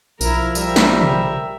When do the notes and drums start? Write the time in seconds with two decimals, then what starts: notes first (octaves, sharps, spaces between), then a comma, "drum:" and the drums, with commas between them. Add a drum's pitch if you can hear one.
0.21 B1 F3 E4 A#4, drum: tambourine
0.55 G3 A#4 E5, drum: tambourine
0.76 drum: snare
1.01 drum: tom B2